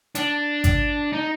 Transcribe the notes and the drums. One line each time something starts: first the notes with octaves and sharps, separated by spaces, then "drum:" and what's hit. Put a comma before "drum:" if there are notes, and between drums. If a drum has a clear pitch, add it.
D4, drum: hi-hat
drum: kick G#1, hi-hat
D#4